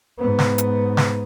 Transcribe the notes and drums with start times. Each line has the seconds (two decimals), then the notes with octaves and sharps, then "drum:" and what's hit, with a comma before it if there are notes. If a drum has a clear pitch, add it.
0.19 G#2 B3
0.39 drum: snare
0.58 drum: hi-hat
0.97 drum: snare